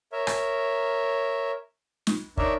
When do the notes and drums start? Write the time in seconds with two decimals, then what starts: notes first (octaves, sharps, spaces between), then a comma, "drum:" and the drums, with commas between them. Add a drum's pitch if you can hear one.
0.12 A#4 C#5 E5
0.27 drum: rim click
2.07 drum: snare
2.37 D4 D#4 A#4 C#5 D5 E5, drum: kick